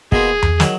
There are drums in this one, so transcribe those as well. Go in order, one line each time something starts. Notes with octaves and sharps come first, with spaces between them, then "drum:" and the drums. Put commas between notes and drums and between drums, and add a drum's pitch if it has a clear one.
B2 A#3 F4 G#4, drum: kick
drum: tom E2
D#3 F#3, drum: snare